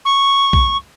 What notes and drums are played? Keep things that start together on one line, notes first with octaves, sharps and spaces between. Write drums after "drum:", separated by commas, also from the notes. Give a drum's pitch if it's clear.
C#6
drum: kick B1